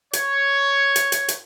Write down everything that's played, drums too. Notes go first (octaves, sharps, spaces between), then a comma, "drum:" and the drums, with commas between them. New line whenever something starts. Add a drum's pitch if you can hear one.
C#5, drum: hi-hat
drum: hi-hat
drum: hi-hat
drum: hi-hat